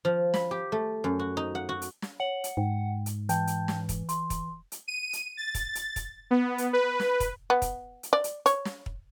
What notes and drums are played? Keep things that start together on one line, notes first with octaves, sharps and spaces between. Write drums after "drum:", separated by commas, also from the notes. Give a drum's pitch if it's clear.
F3
B5, drum: snare
G4
A3
F#2
F#4
D#4
F#5
F#4
drum: hi-hat
drum: snare
C#5 F#5 F#7
drum: hi-hat
G#2 G5
drum: hi-hat
E3 G5 A5 G6, drum: hi-hat
drum: hi-hat
drum: snare
drum: kick, hi-hat
C6, drum: hi-hat
drum: kick, hi-hat
drum: hi-hat
D#7
drum: hi-hat
A6
drum: kick, hi-hat
drum: hi-hat
drum: kick, hi-hat
B3
drum: hi-hat
B4
drum: snare
drum: kick, hi-hat
B3
drum: kick, hi-hat
drum: hi-hat
D5
drum: hi-hat
C#5, drum: hi-hat
drum: snare
drum: kick